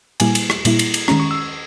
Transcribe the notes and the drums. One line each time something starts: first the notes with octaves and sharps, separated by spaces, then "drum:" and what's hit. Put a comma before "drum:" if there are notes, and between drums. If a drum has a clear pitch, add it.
A#2 G3 A#3 E4 G#5, drum: cymbal
drum: cymbal
drum: rim click
A#2 G3 A#3 E4, drum: cymbal
drum: cymbal
drum: cymbal
D#3 G#3 C#4 A#5, drum: rim click
C#6
E6